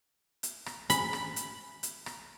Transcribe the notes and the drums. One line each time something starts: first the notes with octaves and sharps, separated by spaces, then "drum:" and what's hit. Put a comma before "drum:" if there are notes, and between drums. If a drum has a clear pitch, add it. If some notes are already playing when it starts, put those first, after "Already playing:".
drum: hi-hat
drum: rim click
B5, drum: hi-hat
drum: rim click
drum: hi-hat
drum: hi-hat
drum: rim click